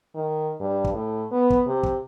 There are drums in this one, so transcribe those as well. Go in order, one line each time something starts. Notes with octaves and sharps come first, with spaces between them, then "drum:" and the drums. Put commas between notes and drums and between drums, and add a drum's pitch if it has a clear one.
D#3
G2
drum: kick
A2
B3
drum: kick
C3
drum: kick